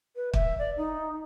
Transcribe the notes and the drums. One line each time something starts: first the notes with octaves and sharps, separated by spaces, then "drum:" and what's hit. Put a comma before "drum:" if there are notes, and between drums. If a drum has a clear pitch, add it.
B4
E5, drum: kick
D5
D#4